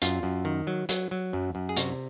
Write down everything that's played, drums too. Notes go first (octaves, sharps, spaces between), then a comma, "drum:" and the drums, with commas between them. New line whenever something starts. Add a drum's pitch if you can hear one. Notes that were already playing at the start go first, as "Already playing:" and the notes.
F#2 F4, drum: hi-hat
F#2
D#3
F#3
F#3, drum: hi-hat
F#3
F#2
F#2
G#4
C3 F#4, drum: hi-hat